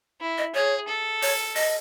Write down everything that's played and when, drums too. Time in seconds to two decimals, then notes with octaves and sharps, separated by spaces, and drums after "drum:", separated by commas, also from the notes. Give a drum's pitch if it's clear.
0.20 E4
0.38 D#5
0.54 G#4 C#5
0.88 A4
1.22 C#5, drum: open hi-hat
1.56 D#5, drum: open hi-hat